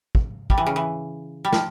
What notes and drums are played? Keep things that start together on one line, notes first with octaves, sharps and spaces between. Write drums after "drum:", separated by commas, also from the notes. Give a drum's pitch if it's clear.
drum: kick
G3, drum: kick
E3
C#3
E3
G3
F3, drum: snare